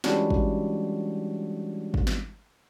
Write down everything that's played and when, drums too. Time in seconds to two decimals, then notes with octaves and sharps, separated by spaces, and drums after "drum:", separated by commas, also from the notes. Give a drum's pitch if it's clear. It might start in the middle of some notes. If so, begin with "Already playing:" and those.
0.04 E3 G3 G#3 C#4 D4 F#4, drum: snare
0.30 drum: kick
1.94 drum: kick
2.07 drum: snare